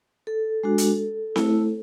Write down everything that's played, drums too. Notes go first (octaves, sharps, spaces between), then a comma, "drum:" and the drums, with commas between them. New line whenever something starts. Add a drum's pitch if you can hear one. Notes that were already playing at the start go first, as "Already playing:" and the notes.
A4
G#3 D4 F#4
drum: hi-hat
A3 E4, drum: snare C4